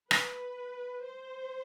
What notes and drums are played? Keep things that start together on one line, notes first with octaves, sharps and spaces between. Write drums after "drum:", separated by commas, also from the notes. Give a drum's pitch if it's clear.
B4, drum: rim click
C5